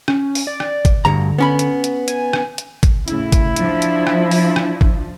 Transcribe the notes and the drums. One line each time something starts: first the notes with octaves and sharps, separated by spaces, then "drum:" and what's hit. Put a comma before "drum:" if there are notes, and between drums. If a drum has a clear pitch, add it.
C#4, drum: rim click
drum: open hi-hat
D5
drum: rim click
drum: kick, hi-hat
D2 G2 D3 A#5
B3 C#4 B5
drum: hi-hat
drum: hi-hat
G#5, drum: hi-hat
drum: rim click
drum: hi-hat
drum: kick, hi-hat
A2 C#3 E4, drum: hi-hat
drum: kick, hi-hat
F3 D4, drum: hi-hat
drum: hi-hat
drum: rim click
drum: open hi-hat
drum: rim click
drum: kick